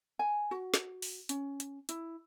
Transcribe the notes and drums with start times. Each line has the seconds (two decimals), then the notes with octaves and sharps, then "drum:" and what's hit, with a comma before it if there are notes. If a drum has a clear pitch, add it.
0.19 G#5
0.51 F#4
0.74 drum: snare
1.02 drum: open hi-hat
1.29 C#4, drum: hi-hat
1.60 drum: hi-hat
1.89 E4, drum: hi-hat